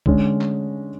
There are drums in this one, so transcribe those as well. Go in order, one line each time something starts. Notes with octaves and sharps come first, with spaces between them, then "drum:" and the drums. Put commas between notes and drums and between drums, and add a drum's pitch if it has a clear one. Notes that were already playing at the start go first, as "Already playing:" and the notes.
D3 G#3 C#4, drum: kick
drum: clap